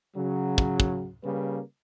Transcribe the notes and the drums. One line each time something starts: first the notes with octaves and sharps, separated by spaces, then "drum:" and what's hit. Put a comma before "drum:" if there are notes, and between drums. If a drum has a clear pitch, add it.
C#3 F#3
drum: kick
drum: kick
C#3 G3 A#3 B4